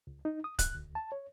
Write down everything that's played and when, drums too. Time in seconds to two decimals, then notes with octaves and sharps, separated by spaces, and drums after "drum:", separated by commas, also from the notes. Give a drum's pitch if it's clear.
0.07 C#2
0.25 D#4
0.44 D#6
0.59 F#6, drum: kick C#1, hi-hat
0.75 D2
0.95 A5
1.12 C#5